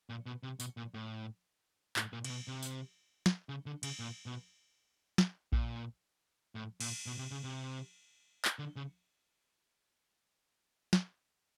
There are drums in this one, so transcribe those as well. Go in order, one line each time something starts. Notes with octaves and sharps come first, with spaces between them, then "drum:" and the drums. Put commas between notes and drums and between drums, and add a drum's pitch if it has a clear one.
A#2
B2
C3
B2, drum: tambourine
A#2
A2
A2, drum: clap
A#2
C3, drum: cymbal
B2
C3
drum: tambourine
drum: snare
C#3
D3
C#3, drum: cymbal
A#2
B2
drum: snare
A#2, drum: kick A#1
A2
A#2, drum: cymbal
B2
C3
C#3
C3
drum: clap
D3
C#3
drum: snare